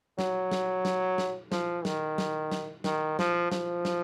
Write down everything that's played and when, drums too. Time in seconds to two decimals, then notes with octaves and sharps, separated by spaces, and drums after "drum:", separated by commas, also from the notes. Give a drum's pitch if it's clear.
0.19 F#3, drum: snare
0.51 drum: snare
0.85 drum: snare
1.18 drum: snare
1.52 F3, drum: snare
1.85 D#3, drum: snare
2.18 drum: snare
2.52 drum: snare
2.84 D#3, drum: snare
3.19 F3, drum: snare
3.52 F3, drum: snare
3.85 drum: snare